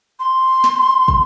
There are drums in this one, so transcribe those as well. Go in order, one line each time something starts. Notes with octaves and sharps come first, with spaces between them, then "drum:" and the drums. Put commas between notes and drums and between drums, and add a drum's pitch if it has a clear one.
C6
drum: snare
drum: kick